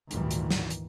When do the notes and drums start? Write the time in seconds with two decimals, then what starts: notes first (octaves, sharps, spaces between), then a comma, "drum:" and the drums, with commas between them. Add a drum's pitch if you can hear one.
0.11 G#1 D2 A#2 D#3 E3 G3, drum: hi-hat
0.31 drum: hi-hat
0.51 drum: snare
0.70 drum: hi-hat